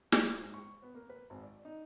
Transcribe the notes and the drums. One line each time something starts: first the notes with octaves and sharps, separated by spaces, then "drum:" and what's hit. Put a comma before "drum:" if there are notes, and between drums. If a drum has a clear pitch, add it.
drum: snare
E4
G#2
C#6
B3
A#3
B4
G#1
D5
D#4